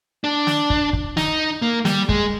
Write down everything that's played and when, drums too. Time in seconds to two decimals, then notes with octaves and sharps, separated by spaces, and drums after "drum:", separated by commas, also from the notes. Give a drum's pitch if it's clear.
0.24 D4
0.47 drum: snare
0.70 drum: kick
0.93 drum: kick
1.17 D#4, drum: snare
1.62 A#3
1.85 G3, drum: snare
2.09 G#3, drum: kick